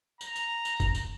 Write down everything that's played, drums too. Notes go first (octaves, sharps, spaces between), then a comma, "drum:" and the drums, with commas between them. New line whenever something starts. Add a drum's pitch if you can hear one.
A#5, drum: tambourine
drum: tambourine
drum: tambourine
drum: kick, tambourine
drum: tambourine